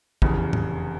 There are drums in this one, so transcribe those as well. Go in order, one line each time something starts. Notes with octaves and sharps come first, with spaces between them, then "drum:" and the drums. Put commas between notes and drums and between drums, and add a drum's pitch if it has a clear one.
F1 E2 C#3, drum: kick
drum: tom A2